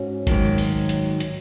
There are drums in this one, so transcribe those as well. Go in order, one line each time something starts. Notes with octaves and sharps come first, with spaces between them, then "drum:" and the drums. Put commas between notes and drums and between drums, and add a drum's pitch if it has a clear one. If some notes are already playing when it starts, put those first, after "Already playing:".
Already playing: G#2 C#4 F#4
G#2 D#3 F#3, drum: kick G#1, hi-hat
drum: open hi-hat
drum: hi-hat
drum: hi-hat